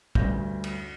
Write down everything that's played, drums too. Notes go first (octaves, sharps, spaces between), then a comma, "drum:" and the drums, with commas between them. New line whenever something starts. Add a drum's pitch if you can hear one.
D2 G2 C#4 G6 A#6, drum: kick
drum: cymbal